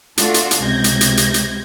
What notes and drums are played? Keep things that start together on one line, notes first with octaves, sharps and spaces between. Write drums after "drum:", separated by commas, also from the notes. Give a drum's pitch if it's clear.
A3 D4 F4 F#4 A4, drum: hi-hat
drum: hi-hat
drum: hi-hat
C#2 C3 G6 G#6 A#6
drum: hi-hat
drum: hi-hat
drum: hi-hat
drum: hi-hat